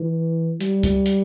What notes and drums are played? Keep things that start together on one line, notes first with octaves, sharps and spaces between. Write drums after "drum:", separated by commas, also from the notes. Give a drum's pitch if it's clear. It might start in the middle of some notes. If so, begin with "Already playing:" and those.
Already playing: E3
G3, drum: hi-hat
drum: kick C#2, hi-hat
drum: hi-hat